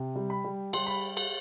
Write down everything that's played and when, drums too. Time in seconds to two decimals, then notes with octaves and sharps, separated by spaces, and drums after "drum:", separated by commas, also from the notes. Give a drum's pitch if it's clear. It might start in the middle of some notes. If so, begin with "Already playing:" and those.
Already playing: C3
0.16 G3
0.30 B5
0.44 G3
0.73 G3 C6, drum: cymbal
0.87 B5
1.17 drum: cymbal